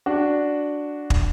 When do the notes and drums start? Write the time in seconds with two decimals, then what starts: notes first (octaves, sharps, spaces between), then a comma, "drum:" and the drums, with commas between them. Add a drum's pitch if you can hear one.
0.06 D4 F#4
1.10 drum: kick